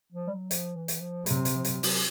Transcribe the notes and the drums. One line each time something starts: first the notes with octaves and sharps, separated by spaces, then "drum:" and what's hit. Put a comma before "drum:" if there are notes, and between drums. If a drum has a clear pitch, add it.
F3
G3
F#3
F3, drum: hi-hat
E3
drum: hi-hat
F3
C3 F#3, drum: hi-hat
drum: hi-hat
F3
F#3, drum: hi-hat
F#3, drum: open hi-hat